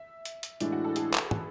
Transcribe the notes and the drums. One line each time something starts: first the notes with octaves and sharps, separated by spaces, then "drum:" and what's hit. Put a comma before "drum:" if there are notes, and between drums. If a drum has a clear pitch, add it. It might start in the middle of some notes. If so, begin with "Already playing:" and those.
Already playing: E5
drum: hi-hat
drum: hi-hat
A2 E3 G#3 D4, drum: hi-hat
F#4
A4
G#4, drum: hi-hat
B4, drum: clap
drum: tom